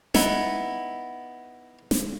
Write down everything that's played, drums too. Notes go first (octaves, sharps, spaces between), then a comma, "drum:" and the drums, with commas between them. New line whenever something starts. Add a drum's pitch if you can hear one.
B3 D#4 E4, drum: snare
drum: snare